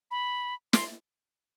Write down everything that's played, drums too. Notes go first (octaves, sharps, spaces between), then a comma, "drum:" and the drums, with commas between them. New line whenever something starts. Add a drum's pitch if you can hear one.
B5
C6, drum: snare